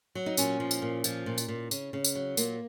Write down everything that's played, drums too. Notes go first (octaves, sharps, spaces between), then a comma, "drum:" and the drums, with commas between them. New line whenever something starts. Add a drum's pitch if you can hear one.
F#3
D#4
A#2 C#4, drum: tambourine
F3
drum: tambourine
A#2
F3, drum: tambourine
A#2
drum: tambourine
A#2
C#3, drum: tambourine
C#3
drum: tambourine
F#3
A#2 A#3, drum: tambourine